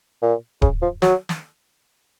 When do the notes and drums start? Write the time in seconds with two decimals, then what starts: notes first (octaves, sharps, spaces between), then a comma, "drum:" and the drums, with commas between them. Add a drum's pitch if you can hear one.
0.22 A#2
0.62 C#3, drum: kick D1
0.82 F3
1.02 F#3, drum: snare
1.29 drum: snare